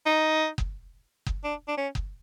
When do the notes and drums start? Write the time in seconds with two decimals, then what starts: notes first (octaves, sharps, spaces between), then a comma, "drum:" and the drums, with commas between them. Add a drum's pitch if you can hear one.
0.06 D#4
0.58 drum: kick F#1
1.26 drum: kick F#1
1.44 D4
1.68 D4
1.78 C#4
1.95 drum: kick F#1